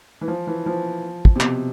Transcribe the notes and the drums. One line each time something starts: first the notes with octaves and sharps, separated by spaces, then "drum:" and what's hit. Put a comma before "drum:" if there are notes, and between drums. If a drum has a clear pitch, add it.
E3
F3
E3
F3
drum: kick
C3
B2, drum: clap